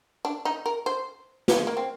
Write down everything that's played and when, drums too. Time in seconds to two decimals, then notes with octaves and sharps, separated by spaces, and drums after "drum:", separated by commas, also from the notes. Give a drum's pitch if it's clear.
0.25 D4
0.45 D#4
0.66 A#4
0.86 C5
1.48 drum: snare
1.58 G#3
1.67 A#3
1.77 C4